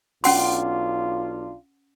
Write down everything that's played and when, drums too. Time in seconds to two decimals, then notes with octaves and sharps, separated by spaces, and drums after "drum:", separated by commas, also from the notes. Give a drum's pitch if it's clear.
0.24 B1 C#4 D4 F4 F#5 C6, drum: open hi-hat